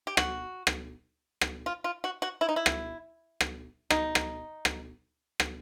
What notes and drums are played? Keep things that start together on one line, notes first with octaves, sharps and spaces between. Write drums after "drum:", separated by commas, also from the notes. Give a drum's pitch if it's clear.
G4
F#4, drum: rim click
drum: rim click
drum: rim click
F4
F4
F#4
F#4
E4
D#4
E4
drum: rim click
drum: rim click
D#4, drum: rim click
drum: rim click
drum: rim click
drum: rim click